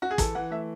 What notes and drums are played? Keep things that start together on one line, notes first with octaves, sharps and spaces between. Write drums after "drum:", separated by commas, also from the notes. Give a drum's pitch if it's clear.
F#4
G#4
E3 A4, drum: kick, hi-hat
E3 F#5
A3 E5